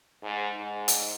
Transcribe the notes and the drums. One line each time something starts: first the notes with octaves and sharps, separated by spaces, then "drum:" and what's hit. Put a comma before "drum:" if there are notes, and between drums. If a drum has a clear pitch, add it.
G#2
G#2
drum: hi-hat